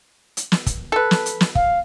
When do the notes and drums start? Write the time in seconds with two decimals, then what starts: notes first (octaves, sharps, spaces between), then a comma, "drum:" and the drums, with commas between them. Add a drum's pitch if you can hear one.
0.37 drum: hi-hat
0.52 drum: snare
0.66 drum: kick, hi-hat
0.92 A4 B4
1.11 drum: snare
1.26 drum: hi-hat
1.41 drum: snare
1.55 F5, drum: kick